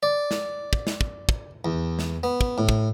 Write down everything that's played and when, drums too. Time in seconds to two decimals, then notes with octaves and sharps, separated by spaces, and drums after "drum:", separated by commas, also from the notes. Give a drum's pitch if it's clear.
0.03 D5
0.31 drum: snare
0.73 drum: kick
0.87 drum: snare
1.01 drum: kick
1.29 drum: kick
1.65 E2
1.99 drum: snare
2.23 B3
2.41 drum: kick
2.58 A2
2.69 drum: kick